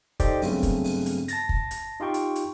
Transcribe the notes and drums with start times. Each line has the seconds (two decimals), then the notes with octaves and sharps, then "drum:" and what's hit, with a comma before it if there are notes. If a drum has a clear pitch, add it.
0.20 D#4 G4 A4 C5 D5 D#5, drum: kick, hi-hat
0.42 G2 C#3 F#3 A3 B3 C4, drum: open hi-hat
0.63 drum: kick, hi-hat
0.84 drum: open hi-hat
1.06 drum: hi-hat
1.28 A5 A6 A#6, drum: hi-hat
1.49 drum: kick
1.71 drum: hi-hat
2.00 D#4 F4 G4 G5 C#6
2.14 drum: hi-hat
2.36 drum: hi-hat